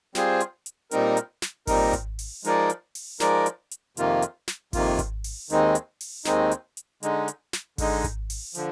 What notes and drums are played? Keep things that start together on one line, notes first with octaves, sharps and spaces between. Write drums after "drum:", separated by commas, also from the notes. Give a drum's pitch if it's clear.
G3 C4 F4 G#4 C5, drum: snare
drum: hi-hat
drum: hi-hat
A#2 G3 C4 D#4 A#4, drum: hi-hat
drum: hi-hat
drum: snare
A#2 G3 C4 D#4 A#4, drum: kick G#1, open hi-hat
drum: kick G#1, hi-hat
drum: open hi-hat
F3 G#3 D#4 A#4 D5, drum: hi-hat
drum: hi-hat
drum: open hi-hat
F3 G#3 D#4 A#4 D5, drum: snare
drum: hi-hat
drum: hi-hat
F2 C3 D#3 A#3 F4, drum: hi-hat
drum: hi-hat
drum: snare
F2 C3 D#3 A#3 F4, drum: kick G#1, open hi-hat
drum: kick G#1, hi-hat
drum: open hi-hat
D#2 D#3 G#3 C4 D#4, drum: hi-hat
drum: hi-hat
drum: open hi-hat
D#2 D#3 G#3 C4 D#4, drum: snare
drum: hi-hat
drum: hi-hat
D3 G#3 D#4, drum: hi-hat
drum: hi-hat
drum: snare
D3 G#3 D#4, drum: kick G#1, open hi-hat
drum: kick G#1, hi-hat
drum: open hi-hat
D3 F3, drum: hi-hat